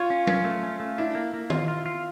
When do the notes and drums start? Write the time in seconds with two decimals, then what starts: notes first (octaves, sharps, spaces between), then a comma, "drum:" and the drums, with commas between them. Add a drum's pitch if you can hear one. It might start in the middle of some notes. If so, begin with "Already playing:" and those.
Already playing: F4 C#5
0.10 C#4
0.27 C#4, drum: tom F#3
0.44 A3
0.63 C#4
0.80 A3
0.98 D4 E4
1.15 A#3
1.34 A#3
1.50 F4, drum: tom D#3
1.68 F4
1.86 F4